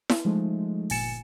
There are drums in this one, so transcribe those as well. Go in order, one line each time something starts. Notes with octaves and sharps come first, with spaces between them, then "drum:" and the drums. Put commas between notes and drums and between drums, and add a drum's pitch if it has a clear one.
drum: snare E4
F3 G#3 A3 D#4
G1 A#2 G#5 A6 C#7 E7, drum: open hi-hat